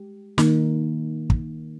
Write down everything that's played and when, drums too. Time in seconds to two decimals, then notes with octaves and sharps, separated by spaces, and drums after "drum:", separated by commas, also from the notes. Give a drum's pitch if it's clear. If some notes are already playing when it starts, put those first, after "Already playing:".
Already playing: G#3 G4
0.38 D#3 A#3 D#4 A#4, drum: snare
1.30 drum: kick